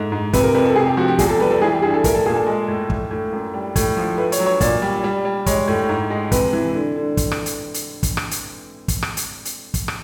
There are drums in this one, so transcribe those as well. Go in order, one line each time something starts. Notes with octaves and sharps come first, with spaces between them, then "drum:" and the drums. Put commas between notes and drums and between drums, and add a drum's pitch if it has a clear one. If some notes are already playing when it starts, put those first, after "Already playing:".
Already playing: G#2 A3
G#2
C3 B4, drum: kick, hi-hat
A#4
F2 B4
A4
C3 G#4
G4
F3 F#4
G4
E2 G#4, drum: kick, hi-hat
A4
G3 B4
A4
E3 G#4
G4
G2 G#4
A4
A3 A#4, drum: kick, hi-hat
A4
A#2 G#4
A4
G#3
A2
A3, drum: kick
A2
F#2
G3
A2, drum: kick, hi-hat
F3
A3 B4
C#5, drum: hi-hat
F#3
C#5
A#2 D5, drum: kick, hi-hat
G3
G3
G3
G#3 C#5, drum: kick, hi-hat
A2
G#2
G#3
C3 B4, drum: kick, hi-hat
E3
D3
D3
drum: kick, hi-hat
drum: rim click
drum: hi-hat
drum: hi-hat
drum: kick, hi-hat
drum: rim click
drum: hi-hat
drum: kick, hi-hat
drum: rim click
drum: hi-hat
drum: hi-hat
drum: kick, hi-hat
drum: rim click